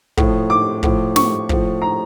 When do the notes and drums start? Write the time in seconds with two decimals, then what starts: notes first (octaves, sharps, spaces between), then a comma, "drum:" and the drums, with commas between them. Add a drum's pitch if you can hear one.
0.17 A2 F3, drum: kick
0.50 D6
0.83 A2 F3, drum: kick
1.16 C#6, drum: snare
1.49 A2 F3, drum: kick
1.82 A#5